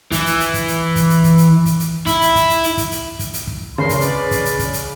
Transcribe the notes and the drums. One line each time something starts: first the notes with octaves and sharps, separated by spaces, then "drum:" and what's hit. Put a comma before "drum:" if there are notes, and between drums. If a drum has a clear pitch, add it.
E3, drum: kick, hi-hat
drum: hi-hat
drum: hi-hat
drum: kick, hi-hat
drum: hi-hat
drum: kick, hi-hat
drum: hi-hat
drum: kick, hi-hat
drum: hi-hat
drum: kick, hi-hat
drum: hi-hat
E4, drum: kick, hi-hat
drum: hi-hat
drum: kick, hi-hat
drum: hi-hat
drum: hi-hat
drum: kick, hi-hat
drum: hi-hat
drum: kick, hi-hat
drum: hi-hat
drum: kick
E2 C#3 A#4 C6
drum: kick, hi-hat
B4 D5, drum: hi-hat
drum: kick, hi-hat
drum: hi-hat
drum: kick, hi-hat
drum: hi-hat